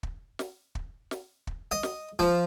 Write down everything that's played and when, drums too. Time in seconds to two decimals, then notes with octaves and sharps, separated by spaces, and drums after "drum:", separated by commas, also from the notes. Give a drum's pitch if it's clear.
0.03 drum: kick
0.39 drum: snare
0.75 drum: kick
1.11 drum: snare
1.47 drum: kick
1.72 D#5
1.83 drum: snare
2.19 F3, drum: kick